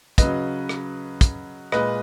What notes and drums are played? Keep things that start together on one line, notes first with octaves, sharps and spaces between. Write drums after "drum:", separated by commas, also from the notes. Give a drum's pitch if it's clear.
C#3 F#3 B4 D#5, drum: kick, hi-hat
drum: rim click
drum: kick, hi-hat
A#2 G#3 B4 D#5, drum: rim click